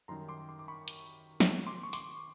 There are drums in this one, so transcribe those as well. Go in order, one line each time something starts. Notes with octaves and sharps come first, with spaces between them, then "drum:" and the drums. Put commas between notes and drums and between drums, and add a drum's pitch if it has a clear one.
F#2 D#3 G3 A#5 C6
C6 D6
C6 D6
D6
B5 C#6
drum: hi-hat
drum: snare
C6 D6
C#6
C6 D6, drum: hi-hat